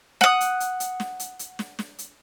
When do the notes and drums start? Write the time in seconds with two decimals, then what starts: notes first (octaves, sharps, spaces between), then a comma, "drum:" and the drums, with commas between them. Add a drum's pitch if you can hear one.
0.21 F#5 D#6, drum: snare
0.41 drum: hi-hat
0.60 drum: hi-hat
0.80 drum: hi-hat
1.00 drum: snare
1.20 drum: hi-hat
1.39 drum: hi-hat
1.59 drum: snare
1.79 drum: snare
1.99 drum: hi-hat